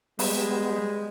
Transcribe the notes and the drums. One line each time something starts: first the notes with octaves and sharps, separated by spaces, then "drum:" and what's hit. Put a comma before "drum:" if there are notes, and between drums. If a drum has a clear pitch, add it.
G3 G#3 B3, drum: open hi-hat